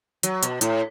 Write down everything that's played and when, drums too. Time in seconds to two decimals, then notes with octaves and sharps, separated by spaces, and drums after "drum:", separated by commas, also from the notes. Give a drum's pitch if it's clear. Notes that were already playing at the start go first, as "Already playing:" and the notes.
0.23 F#3, drum: hi-hat
0.43 B2, drum: hi-hat
0.61 A2, drum: hi-hat